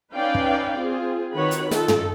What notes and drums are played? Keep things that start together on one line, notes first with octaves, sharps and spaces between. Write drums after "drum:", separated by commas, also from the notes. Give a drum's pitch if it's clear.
C#4 D#4 B4 D5 F5 G5
drum: kick
C4 F4 G#4
D#3 F#4 B4 C#5 F#5 B5
drum: hi-hat
D#4 F4 A4, drum: snare
drum: tom